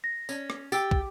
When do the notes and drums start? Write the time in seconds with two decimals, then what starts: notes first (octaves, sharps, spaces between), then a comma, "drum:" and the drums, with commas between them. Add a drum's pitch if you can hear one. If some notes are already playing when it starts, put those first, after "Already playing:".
0.04 A#6
0.29 C#4, drum: tambourine
0.50 drum: rim click
0.72 G4 G5 E6 A6, drum: tambourine
0.91 drum: kick